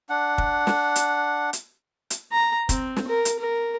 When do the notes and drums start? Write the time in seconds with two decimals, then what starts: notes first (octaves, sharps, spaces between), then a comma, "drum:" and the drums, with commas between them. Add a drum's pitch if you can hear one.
0.09 D4 F#5
0.38 drum: kick
0.67 drum: snare
0.96 drum: hi-hat
1.53 drum: hi-hat
2.10 drum: hi-hat
2.32 A#5
2.69 C4, drum: kick, hi-hat
2.96 drum: snare
3.08 A#4
3.25 drum: hi-hat
3.39 A#4